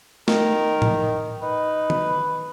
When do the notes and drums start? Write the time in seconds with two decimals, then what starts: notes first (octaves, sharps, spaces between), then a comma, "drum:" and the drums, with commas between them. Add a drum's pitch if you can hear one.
0.28 D#3 A#4, drum: snare
0.82 drum: tom A2
1.42 D#4 B4
1.90 drum: tom D#3